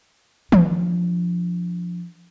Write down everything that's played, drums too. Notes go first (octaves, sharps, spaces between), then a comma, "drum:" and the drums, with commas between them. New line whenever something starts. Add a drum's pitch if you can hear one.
F3 D4, drum: tom